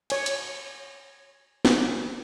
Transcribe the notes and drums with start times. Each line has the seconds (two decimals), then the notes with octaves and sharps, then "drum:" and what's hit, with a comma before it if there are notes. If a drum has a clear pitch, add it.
0.10 C#5 G#5, drum: cymbal
0.26 drum: hi-hat
1.65 drum: snare